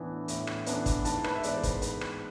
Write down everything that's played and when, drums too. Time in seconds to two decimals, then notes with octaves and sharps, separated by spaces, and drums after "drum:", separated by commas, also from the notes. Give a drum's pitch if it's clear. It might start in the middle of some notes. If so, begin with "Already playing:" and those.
Already playing: A2 E3 B3 D4
0.28 A2, drum: hi-hat
0.47 drum: rim click
0.66 E3 B3 D4, drum: hi-hat
0.86 drum: kick, hi-hat
1.05 G#2 A5, drum: hi-hat
1.24 B4, drum: rim click
1.35 E5
1.43 E3 G#3 B3 D5, drum: hi-hat
1.54 C5
1.63 B4, drum: kick, hi-hat
1.82 G#2 B4, drum: hi-hat
2.01 drum: rim click